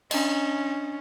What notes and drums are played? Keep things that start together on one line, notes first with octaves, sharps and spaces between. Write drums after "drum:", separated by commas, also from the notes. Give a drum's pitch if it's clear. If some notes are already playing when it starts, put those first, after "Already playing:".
C#4 D4 D#5, drum: cymbal